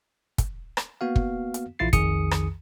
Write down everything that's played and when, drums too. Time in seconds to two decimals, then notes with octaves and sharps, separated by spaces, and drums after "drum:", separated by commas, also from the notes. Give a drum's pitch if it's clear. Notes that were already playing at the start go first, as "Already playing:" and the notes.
0.38 drum: kick, hi-hat
0.77 drum: rim click
1.01 A#3 B3 F#4 F5
1.16 drum: kick
1.54 drum: hi-hat
1.79 A#1 E3 E4 F4 A6 C7
1.93 B1 F2 D#3 G#4 D#6 C#7, drum: kick, hi-hat
2.31 drum: rim click